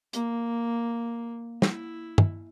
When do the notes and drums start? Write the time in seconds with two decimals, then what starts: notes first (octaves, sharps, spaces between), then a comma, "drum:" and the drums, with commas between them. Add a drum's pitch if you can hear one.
0.13 A#3, drum: hi-hat
1.62 E4, drum: snare
2.18 drum: tom